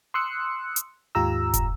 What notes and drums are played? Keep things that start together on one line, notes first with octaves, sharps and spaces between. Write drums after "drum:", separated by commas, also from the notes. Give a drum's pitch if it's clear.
C6 D#6 E6 F#6 C#7
drum: hi-hat
D#2 G#2 F4 G4 A#5 E6
drum: kick, hi-hat